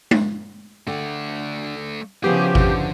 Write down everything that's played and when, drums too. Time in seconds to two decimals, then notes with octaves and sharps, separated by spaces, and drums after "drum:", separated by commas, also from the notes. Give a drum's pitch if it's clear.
0.11 drum: tom G#3
0.87 D3 A3 D5 G5
2.24 C#3 F3 B3 E4 G4 G#4 C#5
2.55 D3, drum: kick G#1